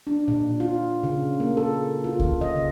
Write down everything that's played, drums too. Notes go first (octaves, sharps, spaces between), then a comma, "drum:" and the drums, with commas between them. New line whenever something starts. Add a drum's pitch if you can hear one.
D4
A#2
F4
C#3
A#3
A4
F4
drum: kick C#2
D#5
C#3